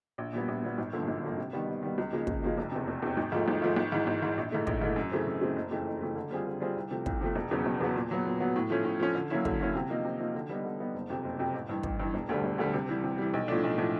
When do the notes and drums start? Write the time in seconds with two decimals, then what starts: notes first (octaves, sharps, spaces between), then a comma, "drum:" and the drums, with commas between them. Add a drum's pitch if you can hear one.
0.18 A#1
0.33 A#2 G3 B3
0.48 A#1
0.63 A#2 G3 B3
0.78 G#1
0.93 G2 D3 F3 A#3
1.08 G#1
1.23 G2 D3 F3 A#3
1.38 C3
1.53 D#3 G3 B3
1.68 C3
1.83 D#3 G3 B3
1.98 C#2
2.13 C#3 F3 A#3 D#4
2.27 C#2, drum: kick
2.42 C#3 F3 A#3 D#4
2.57 F1
2.72 E2 C3
2.87 F1
3.02 E2 C3
3.17 G#1
3.32 G#2 F3 A3
3.48 G#1
3.62 G#2 F3 A3
3.76 G#1
3.92 G#2 E3
4.07 G#1
4.22 G#2 E3
4.37 A#1
4.52 G#2 E3 A3
4.67 A#1, drum: kick
4.82 G#2 E3 A3
4.96 F#2
5.12 C#3 E3 A3 C4
5.27 F#2
5.41 C#3 E3 A3 C4
5.56 F#1
5.71 F2 C#3 E3 A3
5.87 F#1
6.01 F2 C#3 E3 A3
6.16 D3
6.31 G3 C4 F4 G#4
6.46 D3
6.60 G3 C4 F4 G#4
6.76 C2
6.91 C3 F3 A3
7.06 C2, drum: kick
7.21 C3 F3 A3
7.36 E1
7.51 E2 C#3 F#3 B3
7.66 E1
7.80 E2 C#3 F#3 B3
7.95 A#2
8.11 F#3 B3
8.25 A#2
8.40 F#3 B3
8.56 A2
8.70 F3 A3 C#4
8.85 A2
9.00 F3 A3 C#4
9.15 D3
9.30 F#3 A#3 C#4 E4
9.45 D3, drum: kick
9.60 F#3 A#3 C#4 E4
9.75 C3
9.90 F3 A#3 D#4
10.05 C3
10.20 F3 A#3 D#4
10.35 D3
10.49 G3 B3 D#4
10.65 D3
10.79 G3 B3 D#4
10.94 F#1
11.10 F2 C3
11.25 F#1
11.39 F2 C3
11.54 A1
11.69 G2 E3
11.83 A1, drum: kick
12.00 G2 E3
12.14 E1
12.29 D2 D3 G3
12.44 E1
12.58 D2 D3 G3
12.73 C3
12.89 E3 G3
13.04 C3
13.18 E3 G3
13.34 B1
13.48 A2 F3 A3 D4
13.64 B1
13.78 A2 F3 A3 D4